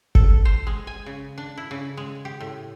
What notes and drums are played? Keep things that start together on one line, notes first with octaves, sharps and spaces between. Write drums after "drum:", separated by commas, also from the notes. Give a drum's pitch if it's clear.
A4, drum: kick
C5
G#3
G#5
C#3
D4
E4
C#3
G#3
G4
A2